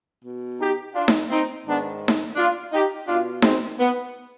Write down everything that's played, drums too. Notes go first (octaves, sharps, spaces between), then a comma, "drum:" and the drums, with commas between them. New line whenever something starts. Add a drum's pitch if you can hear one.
B2
D#4 G4
D4 F4
drum: snare D#4
C4 D#4
G#2 D#3 B3 D4
drum: snare D#4
D4 F4
D#4 G4
B2 D4 F4
G#3 C4, drum: snare D#4
B3